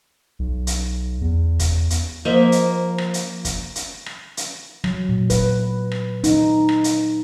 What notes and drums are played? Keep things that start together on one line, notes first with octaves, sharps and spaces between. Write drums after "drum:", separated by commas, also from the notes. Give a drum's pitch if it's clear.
B1
drum: hi-hat
E2
drum: kick, hi-hat
drum: hi-hat
F3 A#3 C5 D#5 E5
drum: hi-hat
drum: rim click
drum: hi-hat
drum: kick, hi-hat
drum: hi-hat
drum: rim click
drum: hi-hat
F#3, drum: rim click
A#2
B4, drum: kick, hi-hat
drum: rim click
D#4, drum: hi-hat
drum: rim click
drum: hi-hat